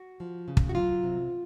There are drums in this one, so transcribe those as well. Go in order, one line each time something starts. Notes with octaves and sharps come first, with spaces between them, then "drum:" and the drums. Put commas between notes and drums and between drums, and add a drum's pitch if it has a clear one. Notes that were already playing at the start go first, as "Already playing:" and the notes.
Already playing: F#4
F3
C#3
drum: kick
F#4
F#3 F4
C3